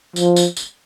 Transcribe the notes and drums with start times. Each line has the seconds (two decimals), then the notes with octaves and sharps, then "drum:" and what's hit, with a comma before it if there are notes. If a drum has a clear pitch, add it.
0.16 F3, drum: tambourine
0.36 drum: tambourine
0.57 drum: tambourine